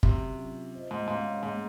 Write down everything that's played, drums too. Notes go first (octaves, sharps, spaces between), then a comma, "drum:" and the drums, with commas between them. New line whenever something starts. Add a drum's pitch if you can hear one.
C3 F#3 C#4 F#4, drum: kick
F#3 C#4 F4
F4 C5 D#5
G#2
G#2 C#4 F#4 C#5 F5
G#2 A#3 C#4 G#4